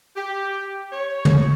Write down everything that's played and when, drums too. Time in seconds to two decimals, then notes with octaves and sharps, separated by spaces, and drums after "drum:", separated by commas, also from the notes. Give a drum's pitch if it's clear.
0.16 G4
0.92 C#5
1.25 drum: tom